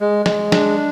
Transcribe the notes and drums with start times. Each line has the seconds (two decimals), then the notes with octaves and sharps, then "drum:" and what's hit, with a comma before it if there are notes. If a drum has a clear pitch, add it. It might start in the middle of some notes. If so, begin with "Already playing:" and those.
0.01 G#3
0.26 G#3, drum: snare
0.52 D4, drum: snare